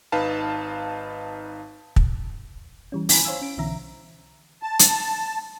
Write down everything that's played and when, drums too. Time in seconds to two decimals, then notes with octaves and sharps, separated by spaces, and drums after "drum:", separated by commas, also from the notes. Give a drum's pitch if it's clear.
0.12 G#1 D#4 B4 F5 A5
1.96 drum: kick
2.92 E3 G3 C#4
3.09 E4 G#5 A#5 B5, drum: open hi-hat
3.25 C5 C#5 F5 G#5 E6
3.42 C#4 D7
3.57 B1 B2 D3 E3 E5 A#5
4.62 A5
4.79 drum: hi-hat